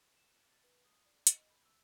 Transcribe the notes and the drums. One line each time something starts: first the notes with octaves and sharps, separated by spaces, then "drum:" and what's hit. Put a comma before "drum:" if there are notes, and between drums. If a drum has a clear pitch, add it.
E7
A6
B4
D#6
D5
D#5, drum: hi-hat
B5
E6